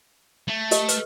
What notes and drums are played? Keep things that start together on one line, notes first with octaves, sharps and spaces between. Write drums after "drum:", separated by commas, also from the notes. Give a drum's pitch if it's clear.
A3
G4 A#4 D#5, drum: hi-hat
B4, drum: hi-hat